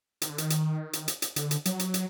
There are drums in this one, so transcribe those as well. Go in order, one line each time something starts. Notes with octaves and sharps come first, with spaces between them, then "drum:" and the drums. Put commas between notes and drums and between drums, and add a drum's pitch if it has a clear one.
D#3, drum: hi-hat
D3
D#3, drum: hi-hat
drum: hi-hat
drum: hi-hat
drum: hi-hat
drum: hi-hat
D3, drum: hi-hat
drum: hi-hat
F#3, drum: hi-hat
drum: hi-hat
drum: hi-hat